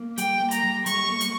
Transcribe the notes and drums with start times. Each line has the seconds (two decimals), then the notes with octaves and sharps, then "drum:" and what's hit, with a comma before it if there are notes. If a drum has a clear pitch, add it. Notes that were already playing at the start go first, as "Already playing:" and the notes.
Already playing: A#3
0.18 G3 G5, drum: hi-hat
0.40 A#3
0.51 A#5, drum: hi-hat
0.63 G3
0.86 G3 C#6, drum: hi-hat
1.09 A#3
1.21 drum: hi-hat